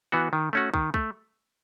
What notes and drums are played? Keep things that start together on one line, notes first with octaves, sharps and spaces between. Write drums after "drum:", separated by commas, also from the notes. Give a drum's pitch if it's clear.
E3 B3 F#4
D#3
A3 C#4 F#4
D#3, drum: kick
A3, drum: kick